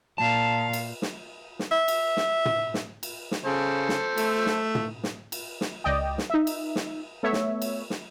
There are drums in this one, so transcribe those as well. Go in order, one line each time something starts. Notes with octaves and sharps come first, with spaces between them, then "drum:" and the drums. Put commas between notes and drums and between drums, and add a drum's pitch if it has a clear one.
A#2 F5 A5
drum: cymbal
drum: snare
drum: snare
E5
drum: cymbal
drum: snare
drum: tom
drum: snare
drum: cymbal
drum: snare
C#3 A4 C5
drum: snare
A3, drum: cymbal
drum: snare
drum: tom
drum: snare
drum: cymbal
drum: snare
C#2 D5 D#5 G5
drum: snare
D#4 E5
drum: cymbal
drum: snare
A3 B3 C#5 E5
drum: snare
drum: cymbal
drum: snare